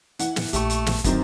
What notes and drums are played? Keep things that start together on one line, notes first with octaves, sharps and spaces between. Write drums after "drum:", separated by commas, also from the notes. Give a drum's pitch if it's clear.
E3 F#5, drum: hi-hat
drum: snare
A#1 A3 G4 C#6, drum: hi-hat
drum: hi-hat
drum: snare
F#2 D#3 F#3 C4, drum: kick, hi-hat